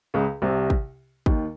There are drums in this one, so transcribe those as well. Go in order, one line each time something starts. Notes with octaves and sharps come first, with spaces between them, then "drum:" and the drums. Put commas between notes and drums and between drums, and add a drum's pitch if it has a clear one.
C#2 C#3
C2 C3
drum: kick
D#2 D#3, drum: kick